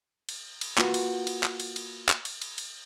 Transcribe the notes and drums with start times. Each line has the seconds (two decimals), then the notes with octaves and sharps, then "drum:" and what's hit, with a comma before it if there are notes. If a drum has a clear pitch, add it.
0.29 drum: cymbal
0.61 drum: cymbal
0.78 A#3 F4 F#4 B4, drum: clap
0.94 drum: cymbal
1.27 drum: cymbal
1.43 drum: clap
1.60 drum: cymbal
1.76 drum: cymbal
2.09 drum: clap
2.25 drum: cymbal
2.42 drum: cymbal
2.58 drum: cymbal